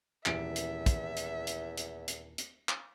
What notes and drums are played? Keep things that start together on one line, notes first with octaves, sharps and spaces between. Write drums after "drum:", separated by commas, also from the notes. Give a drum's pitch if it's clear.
D#1 E2 E3 E5 D7, drum: clap
drum: hi-hat
drum: kick, hi-hat
drum: hi-hat
drum: hi-hat
drum: hi-hat
drum: hi-hat
drum: hi-hat
drum: clap